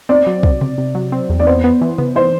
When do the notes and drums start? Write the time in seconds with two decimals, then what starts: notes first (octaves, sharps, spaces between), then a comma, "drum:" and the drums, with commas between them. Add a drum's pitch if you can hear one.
0.09 C4 D5
0.27 F#3
0.43 C3, drum: kick
0.61 C3, drum: tom C3
0.78 C3
0.95 F#3
1.12 C4
1.30 E2
1.40 D5
1.47 B3 C5
1.64 B3
1.81 E3
1.98 B3, drum: tom C3
2.15 E3 C5